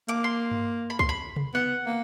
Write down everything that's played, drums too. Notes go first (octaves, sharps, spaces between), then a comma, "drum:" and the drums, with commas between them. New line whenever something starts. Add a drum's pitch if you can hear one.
A#3 D6, drum: hi-hat
C6
drum: tom G2
B5
C6, drum: kick C2
B5
drum: tom C3
B3 F#5
A#3